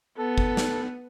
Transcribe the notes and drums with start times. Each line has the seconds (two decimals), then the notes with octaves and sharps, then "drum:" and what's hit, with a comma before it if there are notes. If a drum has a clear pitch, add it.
0.18 B3 A4
0.38 drum: kick
0.57 drum: snare